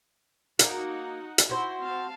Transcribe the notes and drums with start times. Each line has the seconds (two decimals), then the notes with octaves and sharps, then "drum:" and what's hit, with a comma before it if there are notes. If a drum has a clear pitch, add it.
0.59 A#3 D#4 F#4 F#5, drum: hi-hat
1.38 drum: hi-hat
1.49 E4 F#4 C5
1.81 C4 F5 A5